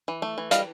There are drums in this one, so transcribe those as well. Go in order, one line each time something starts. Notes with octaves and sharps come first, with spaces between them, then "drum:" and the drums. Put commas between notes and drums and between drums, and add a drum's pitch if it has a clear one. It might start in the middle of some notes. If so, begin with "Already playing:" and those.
E3
A3
E3
G3 D#5 F5, drum: hi-hat